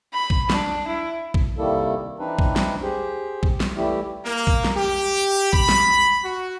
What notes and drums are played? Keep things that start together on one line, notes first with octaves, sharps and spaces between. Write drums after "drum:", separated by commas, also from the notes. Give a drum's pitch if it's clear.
B5
drum: kick
D4, drum: snare
E4
drum: kick
C3 D#3 G3 A#3 E4 A4
E3 C4 D4 D#4 B4
drum: kick
drum: snare
G4 G#4 C5
drum: kick
drum: snare
E3 G3 A3 E4 G4
A#3
drum: kick
drum: snare
G4
B5, drum: kick
drum: snare
F#4